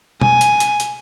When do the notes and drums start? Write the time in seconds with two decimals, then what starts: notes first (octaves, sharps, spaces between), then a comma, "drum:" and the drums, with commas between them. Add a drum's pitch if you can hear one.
0.21 G#5, drum: tom B2
0.41 drum: hi-hat
0.60 drum: hi-hat
0.80 drum: hi-hat